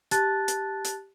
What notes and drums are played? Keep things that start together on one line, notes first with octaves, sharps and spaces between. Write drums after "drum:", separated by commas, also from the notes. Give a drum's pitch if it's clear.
G4 A5 F#6 A6, drum: hi-hat
drum: hi-hat
drum: hi-hat